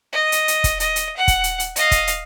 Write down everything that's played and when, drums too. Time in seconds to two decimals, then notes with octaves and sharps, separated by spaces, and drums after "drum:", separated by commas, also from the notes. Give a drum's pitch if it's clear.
0.13 D#5
0.32 drum: hi-hat
0.48 drum: hi-hat
0.64 drum: kick, hi-hat
0.80 D#5, drum: hi-hat
0.96 drum: hi-hat
1.17 F#5
1.28 drum: kick, hi-hat
1.44 drum: hi-hat
1.60 drum: hi-hat
1.76 D#5 F5, drum: hi-hat
1.91 drum: kick, hi-hat
2.07 drum: hi-hat